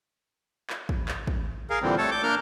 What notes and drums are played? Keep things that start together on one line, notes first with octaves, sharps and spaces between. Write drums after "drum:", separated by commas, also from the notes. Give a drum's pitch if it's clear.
drum: clap
drum: kick
drum: clap
drum: kick
G#4 A#4 F5
A#2 D3 E3 G3 C4
A3 A4 C#5 A5
D6 G6
A#3 D4 A#4 F6 G6